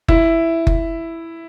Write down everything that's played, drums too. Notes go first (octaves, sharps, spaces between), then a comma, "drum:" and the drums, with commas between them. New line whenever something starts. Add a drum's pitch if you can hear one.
E4, drum: kick F#1
drum: kick F#1